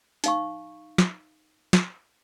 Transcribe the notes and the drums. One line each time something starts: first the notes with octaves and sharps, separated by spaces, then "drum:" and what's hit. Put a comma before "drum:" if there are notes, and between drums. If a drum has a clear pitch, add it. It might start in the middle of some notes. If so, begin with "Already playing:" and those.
D#4 F5 C#6, drum: hi-hat
drum: snare
drum: snare